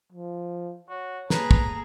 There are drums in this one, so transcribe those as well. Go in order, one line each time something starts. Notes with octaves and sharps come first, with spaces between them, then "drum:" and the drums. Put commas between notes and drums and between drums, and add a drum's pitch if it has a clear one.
F3
F#4 C#5
A#3 G#4 A4 B4 A#5, drum: snare
drum: kick